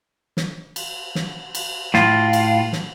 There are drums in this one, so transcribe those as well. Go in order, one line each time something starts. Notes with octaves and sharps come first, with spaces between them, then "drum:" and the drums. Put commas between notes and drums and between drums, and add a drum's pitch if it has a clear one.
drum: snare
drum: cymbal
drum: snare
drum: cymbal
A2 F4, drum: snare
drum: cymbal
drum: snare